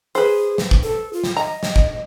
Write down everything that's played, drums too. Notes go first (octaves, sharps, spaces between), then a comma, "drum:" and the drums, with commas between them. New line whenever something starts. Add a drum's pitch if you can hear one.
G#4 B4 C5
drum: snare
drum: kick
A4
F4
drum: snare
D#5 A#5
drum: snare
drum: kick